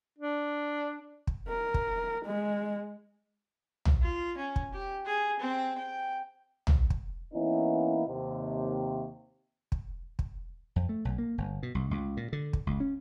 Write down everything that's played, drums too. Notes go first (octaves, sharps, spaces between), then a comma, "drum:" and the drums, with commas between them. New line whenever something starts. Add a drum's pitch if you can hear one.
D4
drum: kick
A#4
drum: kick
G#3
drum: tom B1
F4
C#4
drum: kick
G4
G#4
C4
G5
drum: tom B1
drum: kick
E3 A#3 B3 C#4 D#4 E4
D#2 C3
drum: kick
drum: kick
F2
A3
B1
A#3
G1
B2
C2
C#2
A#2
D3
drum: kick
C#2
C#4